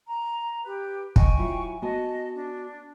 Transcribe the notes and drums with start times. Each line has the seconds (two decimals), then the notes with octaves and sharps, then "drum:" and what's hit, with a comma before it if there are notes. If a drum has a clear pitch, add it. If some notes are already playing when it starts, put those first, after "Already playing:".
0.08 A#5
0.64 G4 B4
1.16 D#5 G5 G#5 C#6, drum: kick
1.37 F#3 E4 F4
1.82 B3 F#4 D#5 G#5 A5
2.35 D4